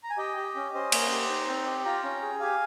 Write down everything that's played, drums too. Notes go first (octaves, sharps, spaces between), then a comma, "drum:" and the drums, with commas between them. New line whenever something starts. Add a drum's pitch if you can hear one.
A#5
G#5
G4 D#5 G5
G4
C#4
C#4 C5 D#5
A#3, drum: cymbal
G4
D#4
C4
G4
F4 G5 A#5
C#4
G#4
G4 F5 G#5